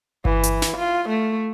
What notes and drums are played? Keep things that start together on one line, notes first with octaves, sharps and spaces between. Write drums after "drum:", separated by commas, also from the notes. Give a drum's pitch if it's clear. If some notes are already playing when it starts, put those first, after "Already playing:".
E3, drum: kick G1
drum: hi-hat
drum: snare
F4
A3